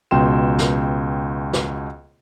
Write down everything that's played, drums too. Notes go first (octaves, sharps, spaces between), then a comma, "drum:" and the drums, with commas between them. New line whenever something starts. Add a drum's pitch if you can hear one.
C#2 B2 G5 C6 E7
drum: snare
drum: snare